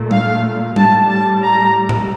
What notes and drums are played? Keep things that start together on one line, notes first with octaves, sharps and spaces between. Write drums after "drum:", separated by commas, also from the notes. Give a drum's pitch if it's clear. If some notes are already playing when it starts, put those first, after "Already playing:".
Already playing: A#2 A3
F5, drum: tom G3
A2 G3 A5, drum: tom G3
A5
A#5
drum: tom A2